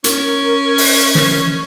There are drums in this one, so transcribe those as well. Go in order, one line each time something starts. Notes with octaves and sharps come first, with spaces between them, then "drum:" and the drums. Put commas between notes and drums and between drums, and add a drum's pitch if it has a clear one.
C#4 A#4, drum: hi-hat
drum: open hi-hat
drum: snare